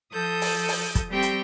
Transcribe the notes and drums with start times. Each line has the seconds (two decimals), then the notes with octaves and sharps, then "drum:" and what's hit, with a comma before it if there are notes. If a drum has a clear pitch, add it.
0.12 F3 A4 D#6 G6
0.41 drum: open hi-hat
0.68 drum: open hi-hat
0.95 drum: kick, hi-hat
1.09 G3 C4 G4 G5 C#6
1.22 drum: hi-hat